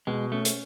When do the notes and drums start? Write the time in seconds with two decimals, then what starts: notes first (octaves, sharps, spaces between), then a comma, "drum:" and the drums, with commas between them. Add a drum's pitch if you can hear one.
0.07 B2 G#3
0.32 A3 C#4
0.45 drum: hi-hat